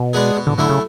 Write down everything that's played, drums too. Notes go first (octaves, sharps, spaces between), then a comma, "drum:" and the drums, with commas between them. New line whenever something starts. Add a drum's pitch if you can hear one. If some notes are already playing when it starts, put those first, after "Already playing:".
Already playing: B2
G#3 B3 D4 G#4
B2
D3, drum: tom G#2
D3 F#3 A3 E4
C#3